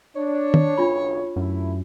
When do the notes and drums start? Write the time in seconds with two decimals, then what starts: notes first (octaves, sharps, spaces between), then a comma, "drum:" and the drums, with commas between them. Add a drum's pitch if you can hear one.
0.16 D4 C#5
0.54 drum: tom D#3
0.77 F#1 B1 D4 F4 B5
1.36 F#2 A3 E4